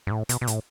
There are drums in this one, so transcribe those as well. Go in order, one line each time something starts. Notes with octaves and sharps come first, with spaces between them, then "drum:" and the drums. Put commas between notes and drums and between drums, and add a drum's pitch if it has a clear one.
G2
A2
B2, drum: hi-hat
B2
A2, drum: hi-hat